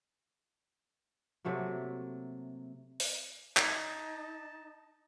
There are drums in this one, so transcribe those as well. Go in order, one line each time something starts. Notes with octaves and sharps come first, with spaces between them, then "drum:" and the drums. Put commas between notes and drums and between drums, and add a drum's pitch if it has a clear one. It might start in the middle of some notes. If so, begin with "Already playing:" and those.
C3 F#3 A3 A#3
drum: open hi-hat
D#4 A5 G#6, drum: clap